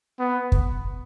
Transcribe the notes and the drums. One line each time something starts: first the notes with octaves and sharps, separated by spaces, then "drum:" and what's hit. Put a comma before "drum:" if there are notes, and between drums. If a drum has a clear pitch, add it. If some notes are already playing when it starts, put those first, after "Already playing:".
B3
drum: kick